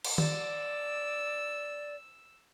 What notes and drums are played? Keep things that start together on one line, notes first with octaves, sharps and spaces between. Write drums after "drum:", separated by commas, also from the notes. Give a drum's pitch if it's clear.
drum: cymbal
D5 E6, drum: tom D#3